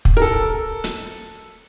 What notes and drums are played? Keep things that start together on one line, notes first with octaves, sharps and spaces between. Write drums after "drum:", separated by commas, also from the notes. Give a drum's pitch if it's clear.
drum: kick
A#4
A4
drum: hi-hat